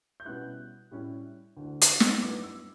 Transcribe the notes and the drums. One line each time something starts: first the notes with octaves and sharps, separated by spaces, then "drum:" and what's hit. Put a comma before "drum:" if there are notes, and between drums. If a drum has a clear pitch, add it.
G6
B2 G3 C#4 E4 F#6
A2 G3 C#4 E4
D2 D3 A3 E4
drum: hi-hat
drum: snare
G2 F#3 B3 E4 D6
E6